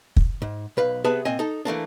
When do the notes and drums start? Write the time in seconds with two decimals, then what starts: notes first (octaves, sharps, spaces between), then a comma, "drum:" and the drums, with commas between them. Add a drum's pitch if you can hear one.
0.17 drum: kick
0.42 G#2
0.77 B1 B4 F5
1.04 C3 B3 G#4 B4 E5 A5
1.25 A#2 C4 D#5 G#5
1.39 D#4 A4
1.65 E3 A3 A#3 D4